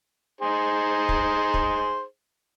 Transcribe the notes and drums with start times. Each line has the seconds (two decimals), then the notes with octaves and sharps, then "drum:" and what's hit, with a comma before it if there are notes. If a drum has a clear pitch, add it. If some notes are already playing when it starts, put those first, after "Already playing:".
0.41 D#4 G#4 C5
1.09 drum: kick
1.54 drum: kick